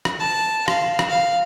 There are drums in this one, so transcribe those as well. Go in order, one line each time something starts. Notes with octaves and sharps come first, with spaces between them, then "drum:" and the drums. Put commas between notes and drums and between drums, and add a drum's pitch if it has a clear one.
drum: rim click
A5
F5, drum: rim click
drum: rim click
F5